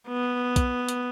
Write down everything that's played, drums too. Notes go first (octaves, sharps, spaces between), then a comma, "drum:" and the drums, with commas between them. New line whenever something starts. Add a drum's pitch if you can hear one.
B3
drum: kick, hi-hat
drum: hi-hat